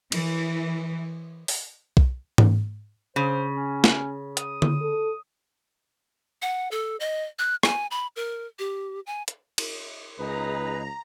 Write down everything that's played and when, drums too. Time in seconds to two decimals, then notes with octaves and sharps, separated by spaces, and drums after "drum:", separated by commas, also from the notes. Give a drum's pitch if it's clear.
0.12 E3, drum: cymbal
1.48 drum: open hi-hat
1.97 drum: kick B1
2.38 drum: tom G#2
3.16 C#3 C5
3.55 C#4
3.84 drum: snare
4.37 D#6, drum: hi-hat
4.62 drum: tom D3
4.81 A4
6.42 F#5
6.71 A4
7.00 D#5
7.39 F#6
7.63 G#5, drum: rim click
7.91 B5
8.16 A#4
8.59 G4
9.06 G#5
9.28 drum: hi-hat
9.58 drum: cymbal
10.19 C#2 D#4 G#4 B4 A#5